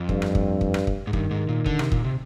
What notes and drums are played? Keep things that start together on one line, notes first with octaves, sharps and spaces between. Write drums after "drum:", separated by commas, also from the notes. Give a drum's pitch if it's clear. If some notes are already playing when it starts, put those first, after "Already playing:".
Already playing: F2
G2, drum: kick
drum: rim click
drum: kick
drum: kick
drum: rim click
drum: kick
G#2
G2 D#3, drum: kick
G#2
A#2
D3, drum: kick
C3, drum: rim click
A#2, drum: kick
C3